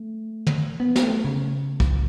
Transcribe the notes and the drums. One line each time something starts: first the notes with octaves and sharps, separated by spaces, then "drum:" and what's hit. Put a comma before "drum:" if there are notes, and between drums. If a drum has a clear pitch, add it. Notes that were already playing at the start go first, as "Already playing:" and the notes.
Already playing: A3
drum: tom
B3
B3, drum: snare
A3
C#3
drum: kick